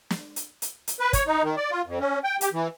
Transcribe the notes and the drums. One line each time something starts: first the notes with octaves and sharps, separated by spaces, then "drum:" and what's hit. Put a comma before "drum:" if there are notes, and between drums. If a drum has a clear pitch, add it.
drum: snare
drum: hi-hat
drum: hi-hat
drum: hi-hat
B4
C#5, drum: kick, hi-hat
D#4
D#3
D5
F4
F2
C#4
G5
G4, drum: hi-hat
E3